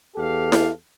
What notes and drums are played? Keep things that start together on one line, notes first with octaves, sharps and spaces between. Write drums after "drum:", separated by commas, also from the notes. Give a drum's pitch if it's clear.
E2 G4 A4 F5
drum: snare E4